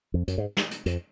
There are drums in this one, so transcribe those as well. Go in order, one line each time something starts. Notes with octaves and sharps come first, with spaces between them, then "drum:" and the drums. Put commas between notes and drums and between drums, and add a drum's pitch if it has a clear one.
F2
F#2, drum: hi-hat
G#2
drum: snare
drum: hi-hat
F2, drum: hi-hat